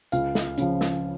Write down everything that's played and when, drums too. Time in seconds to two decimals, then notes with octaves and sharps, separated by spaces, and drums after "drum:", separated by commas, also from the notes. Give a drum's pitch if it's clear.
0.12 C#2 F5, drum: hi-hat
0.35 drum: snare
0.58 C#3 F3, drum: hi-hat
0.81 drum: snare